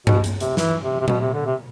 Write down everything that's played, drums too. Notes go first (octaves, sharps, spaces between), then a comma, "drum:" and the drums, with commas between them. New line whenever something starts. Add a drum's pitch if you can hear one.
B2, drum: tom G2
drum: hi-hat
C3, drum: hi-hat
E3, drum: snare
C3
C3
B2, drum: tom A#2
C3
D3
C3